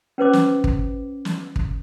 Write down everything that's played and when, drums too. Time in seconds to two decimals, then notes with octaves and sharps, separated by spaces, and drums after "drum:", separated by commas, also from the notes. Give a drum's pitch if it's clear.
0.18 C#4 B4 C5 D6
0.33 drum: snare
0.64 drum: kick
1.25 drum: snare
1.56 drum: kick